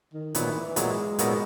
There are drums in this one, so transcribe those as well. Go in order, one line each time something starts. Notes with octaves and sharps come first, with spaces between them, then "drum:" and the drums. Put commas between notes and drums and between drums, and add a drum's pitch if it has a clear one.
D#3
A#2 D#3 F#3 B3 E4, drum: hi-hat
E3
A#2 F#3 G#3 B3 E4, drum: hi-hat
A#2 F#3 B3 D#4 A#4, drum: hi-hat